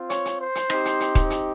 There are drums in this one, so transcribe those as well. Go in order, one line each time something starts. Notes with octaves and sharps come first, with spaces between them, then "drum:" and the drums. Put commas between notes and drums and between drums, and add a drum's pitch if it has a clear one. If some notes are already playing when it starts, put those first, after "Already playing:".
Already playing: C4 F4
C#5, drum: hi-hat
drum: hi-hat
C5
drum: hi-hat
C4 D#4 G4, drum: rim click
drum: hi-hat
drum: hi-hat
drum: kick D#1, hi-hat
drum: hi-hat